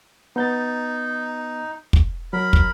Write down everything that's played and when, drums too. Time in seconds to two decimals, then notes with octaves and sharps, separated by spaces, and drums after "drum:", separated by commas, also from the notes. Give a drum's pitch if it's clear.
0.36 B3 D#4 G6 A6
1.93 drum: kick
2.33 F#3 A#4 B5
2.53 drum: kick